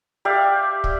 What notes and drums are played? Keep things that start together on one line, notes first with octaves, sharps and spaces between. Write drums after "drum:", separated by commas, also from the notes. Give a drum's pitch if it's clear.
G4 D5 E5 F5
drum: kick